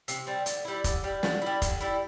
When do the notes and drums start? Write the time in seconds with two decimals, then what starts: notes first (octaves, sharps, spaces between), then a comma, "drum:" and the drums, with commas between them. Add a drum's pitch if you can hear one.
0.08 C3, drum: hi-hat
0.27 G3 C4
0.46 D3, drum: hi-hat
0.65 G3 E4
0.84 D3, drum: kick F1, hi-hat
1.04 G3 E4
1.23 D3, drum: snare
1.42 G3 E4
1.62 D3, drum: kick F1, hi-hat
1.81 G3 E4